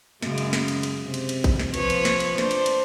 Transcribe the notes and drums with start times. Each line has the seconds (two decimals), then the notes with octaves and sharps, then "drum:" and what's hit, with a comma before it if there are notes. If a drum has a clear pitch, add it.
0.22 F#2 C#3 G#3, drum: snare
0.38 drum: cymbal
0.53 drum: snare
0.68 drum: cymbal
0.83 drum: cymbal
1.04 C3
1.14 drum: cymbal
1.29 drum: cymbal
1.44 drum: kick A1, cymbal
1.59 drum: snare
1.74 F3 B4 C#5, drum: cymbal
1.90 drum: cymbal
2.05 drum: snare
2.20 drum: cymbal
2.38 D4 C5, drum: snare
2.51 drum: cymbal
2.66 drum: cymbal